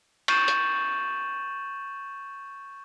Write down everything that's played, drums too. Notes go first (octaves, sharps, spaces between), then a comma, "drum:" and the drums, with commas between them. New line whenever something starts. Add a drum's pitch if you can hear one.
C#6 G6 A6 D#7 E7 F#7, drum: cymbal
drum: hi-hat